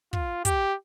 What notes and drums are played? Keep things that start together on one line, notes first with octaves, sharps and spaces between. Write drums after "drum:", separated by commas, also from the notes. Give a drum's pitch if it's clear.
F4, drum: kick
G4, drum: kick, hi-hat